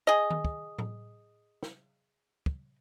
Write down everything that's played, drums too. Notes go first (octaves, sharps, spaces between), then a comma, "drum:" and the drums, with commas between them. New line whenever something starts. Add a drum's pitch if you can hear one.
G#4 D#5
drum: tom D#3
drum: kick
drum: tom A2
drum: snare
drum: kick